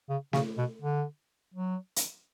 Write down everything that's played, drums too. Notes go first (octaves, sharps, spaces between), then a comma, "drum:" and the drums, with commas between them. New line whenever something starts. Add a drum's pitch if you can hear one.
C#3
C#3, drum: snare
B2
D3
F#3
drum: hi-hat